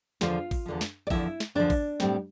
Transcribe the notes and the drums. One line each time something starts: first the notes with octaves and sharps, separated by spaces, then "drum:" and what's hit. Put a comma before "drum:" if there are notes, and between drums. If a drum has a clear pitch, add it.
E2 D3 F3 F4 F5, drum: snare
drum: kick, open hi-hat
E2 D3 F3
drum: snare
D5
E2 D3 F3 E4 E5, drum: kick, open hi-hat
drum: snare
E2 D3 F3 D4 D5
drum: kick, open hi-hat
A2 G3 C4, drum: snare